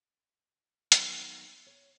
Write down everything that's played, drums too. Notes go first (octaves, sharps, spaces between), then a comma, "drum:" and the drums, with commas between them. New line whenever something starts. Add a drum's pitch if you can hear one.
F2 D#3 F#3 B3, drum: hi-hat
C#5